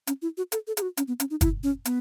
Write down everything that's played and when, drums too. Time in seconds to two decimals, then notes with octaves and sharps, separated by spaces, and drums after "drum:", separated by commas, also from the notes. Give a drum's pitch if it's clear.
0.07 C#4, drum: hi-hat
0.22 E4
0.37 F#4
0.52 A4, drum: hi-hat
0.67 A4
0.77 G#4, drum: hi-hat
0.82 F#4
0.97 C#4, drum: hi-hat
1.08 B3
1.20 C#4, drum: hi-hat
1.31 D#4
1.41 E4, drum: kick, hi-hat
1.63 C#4
1.85 B3, drum: hi-hat